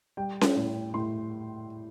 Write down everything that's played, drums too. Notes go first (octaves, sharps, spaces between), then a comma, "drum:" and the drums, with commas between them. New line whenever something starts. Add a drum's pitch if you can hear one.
G3 G5
drum: snare C#4
A2
A2 C6